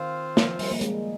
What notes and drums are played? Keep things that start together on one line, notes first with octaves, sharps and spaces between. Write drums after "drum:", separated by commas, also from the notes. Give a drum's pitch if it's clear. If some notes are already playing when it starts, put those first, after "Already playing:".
Already playing: D#3 C4 F4 C5 F5
F3, drum: snare
G3, drum: open hi-hat
A#3
G#3, drum: hi-hat